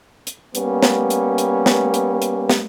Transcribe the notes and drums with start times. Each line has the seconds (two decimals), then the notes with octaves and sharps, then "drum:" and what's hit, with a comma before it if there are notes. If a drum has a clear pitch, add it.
0.27 drum: hi-hat
0.55 G3 A#3 B3 C#4, drum: hi-hat
0.83 drum: snare
1.10 drum: hi-hat
1.38 drum: hi-hat
1.66 drum: snare
1.94 drum: hi-hat
2.22 drum: hi-hat
2.49 drum: snare